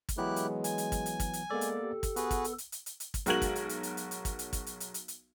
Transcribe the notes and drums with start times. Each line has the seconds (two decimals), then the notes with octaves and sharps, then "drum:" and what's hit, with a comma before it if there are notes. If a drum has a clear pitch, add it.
0.09 drum: kick, hi-hat
0.18 E3 F#3 G#3 B3 E4 G4 F#6
0.36 drum: hi-hat
0.64 G#5, drum: hi-hat
0.78 drum: hi-hat
0.92 drum: kick, hi-hat
1.06 drum: hi-hat
1.20 drum: kick, hi-hat
1.33 drum: hi-hat
1.50 G#3 A#3 B3 A4 D5
1.61 drum: hi-hat
1.82 G4
2.03 drum: kick, hi-hat
2.16 B3 F#4 G#4 B4, drum: hi-hat
2.31 drum: kick, hi-hat
2.44 drum: hi-hat
2.58 drum: hi-hat
2.72 drum: hi-hat
2.86 drum: hi-hat
3.00 drum: hi-hat
3.14 drum: kick, hi-hat
3.26 B1 G#3 F#4 A#4 G#6 F#7, drum: hi-hat
3.42 drum: kick, hi-hat
3.55 drum: hi-hat
3.69 drum: hi-hat
3.83 drum: hi-hat
3.97 drum: hi-hat
4.11 drum: hi-hat
4.25 drum: kick, hi-hat
4.39 drum: hi-hat
4.53 drum: kick, hi-hat
4.66 drum: hi-hat
4.80 drum: hi-hat
4.94 drum: hi-hat
5.08 drum: hi-hat